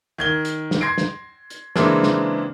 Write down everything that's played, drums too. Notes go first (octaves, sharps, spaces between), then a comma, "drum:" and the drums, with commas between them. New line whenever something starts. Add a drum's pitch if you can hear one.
D#3 G#6 G7
drum: hi-hat
drum: snare
C6 G#6 A#6 C7 D7
drum: snare
drum: hi-hat
C#3 E3 G#3 A#3 C4 D4, drum: snare
drum: snare